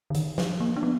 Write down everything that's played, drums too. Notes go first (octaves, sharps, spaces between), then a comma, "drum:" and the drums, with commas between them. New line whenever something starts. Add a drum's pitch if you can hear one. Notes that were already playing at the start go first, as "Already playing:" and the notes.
D3
D#3, drum: hi-hat
F3, drum: snare
A#3
D4
B3